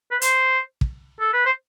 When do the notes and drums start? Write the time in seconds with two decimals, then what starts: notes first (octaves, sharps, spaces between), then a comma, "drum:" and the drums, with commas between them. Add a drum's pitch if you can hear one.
0.11 B4
0.22 C5, drum: hi-hat
0.81 drum: kick
1.20 A4
1.34 B4
1.46 C5